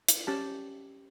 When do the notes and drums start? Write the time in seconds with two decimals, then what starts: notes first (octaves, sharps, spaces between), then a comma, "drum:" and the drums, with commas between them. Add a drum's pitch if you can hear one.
0.09 drum: hi-hat
0.27 C#4 G4 A5